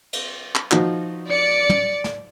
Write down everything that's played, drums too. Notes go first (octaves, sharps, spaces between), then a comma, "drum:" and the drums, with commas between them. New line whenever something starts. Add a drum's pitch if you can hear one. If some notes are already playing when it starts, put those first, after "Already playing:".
drum: cymbal
drum: clap
F3 D#4 F#4, drum: clap
D5 C#7
drum: tom
drum: snare